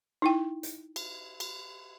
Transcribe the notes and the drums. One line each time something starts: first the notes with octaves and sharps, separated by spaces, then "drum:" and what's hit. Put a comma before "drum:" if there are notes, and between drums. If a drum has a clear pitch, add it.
D#4 E4 G5
drum: hi-hat
drum: cymbal
drum: cymbal